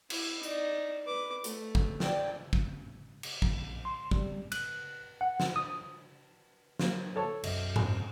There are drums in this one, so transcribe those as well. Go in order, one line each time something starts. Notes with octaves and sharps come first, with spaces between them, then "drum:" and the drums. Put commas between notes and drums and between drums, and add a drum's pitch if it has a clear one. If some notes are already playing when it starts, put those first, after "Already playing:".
E4, drum: cymbal
D#4 D5, drum: tambourine
B4 D6
A3, drum: hi-hat
drum: kick
D5 G5, drum: snare
drum: kick
drum: cymbal
A#1, drum: kick
C6
G3, drum: kick
F#6, drum: cymbal
F#5
drum: snare
D#6
F#3 A#3, drum: snare
A4 C#5 A5
B1 F#2 B2 D#5 E5, drum: cymbal
drum: tom G#2